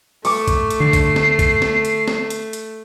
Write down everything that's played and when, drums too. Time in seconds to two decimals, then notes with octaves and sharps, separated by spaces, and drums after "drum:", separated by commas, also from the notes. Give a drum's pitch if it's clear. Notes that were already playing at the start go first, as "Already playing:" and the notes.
0.25 A3 C#6 D6, drum: open hi-hat
0.48 drum: kick, hi-hat
0.70 drum: hi-hat
0.80 D3 C7
0.93 drum: kick, hi-hat
1.16 drum: snare
1.39 drum: kick, hi-hat
1.62 drum: snare
1.85 drum: hi-hat
2.08 drum: snare
2.30 drum: hi-hat
2.53 drum: hi-hat